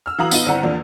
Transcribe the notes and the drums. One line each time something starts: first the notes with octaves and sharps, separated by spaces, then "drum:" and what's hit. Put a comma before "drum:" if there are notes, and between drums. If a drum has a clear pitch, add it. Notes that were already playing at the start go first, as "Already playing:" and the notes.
E6 F6
E3 F#4 F5 A#5 D#6 F#7
B3 D#4 F4 D#7, drum: tambourine
G1 C4 D4 E4 F#5 A#5
E2 F3 A#3 D4